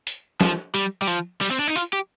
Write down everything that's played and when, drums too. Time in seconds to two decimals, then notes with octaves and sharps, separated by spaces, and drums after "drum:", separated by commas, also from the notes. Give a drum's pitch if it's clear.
0.07 drum: hi-hat
0.41 F3, drum: snare
0.74 G3, drum: hi-hat
1.02 G3
1.07 F3, drum: hi-hat
1.41 G3, drum: open hi-hat
1.51 C4
1.59 D4
1.67 D#4
1.76 F4, drum: hi-hat
1.93 G4